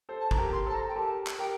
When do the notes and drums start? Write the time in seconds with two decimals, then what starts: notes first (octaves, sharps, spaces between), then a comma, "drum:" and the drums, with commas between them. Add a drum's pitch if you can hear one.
0.09 A4 C5
0.20 A5
0.31 A#5, drum: kick
0.38 G4 A#4
0.53 C6
0.67 A4 C5 A5
0.74 A#5
0.89 G5
0.96 G4 A#4 A5
1.27 drum: clap
1.39 G4 A#4 G5